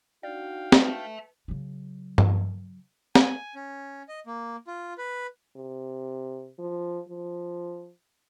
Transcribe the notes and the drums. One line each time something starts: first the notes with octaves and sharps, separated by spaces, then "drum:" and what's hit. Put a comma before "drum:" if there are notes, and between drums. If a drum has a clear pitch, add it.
D4 D#4 F#4 D5 F5 G5
B4 E5 A5, drum: snare
C#3 F#3
drum: tom G2
G#5, drum: snare
C#4
D#5
A#3
F4
B4
C3
F3
F3